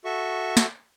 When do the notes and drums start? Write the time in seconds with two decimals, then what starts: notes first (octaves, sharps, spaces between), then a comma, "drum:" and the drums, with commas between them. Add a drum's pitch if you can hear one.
0.05 F#4 A4 E5 C#6
0.57 drum: snare